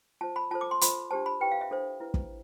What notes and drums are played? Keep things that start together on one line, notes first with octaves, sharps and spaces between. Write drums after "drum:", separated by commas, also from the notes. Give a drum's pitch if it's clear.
F4 C5 A5
B5
F4 A4 C5 A5
D6
C6
F4 A4 C5 B5, drum: hi-hat
D4 G4 C5 A5
B5
E4 G4 B4 G5
F5
E5
D4 A4 C5
E4 B4
drum: kick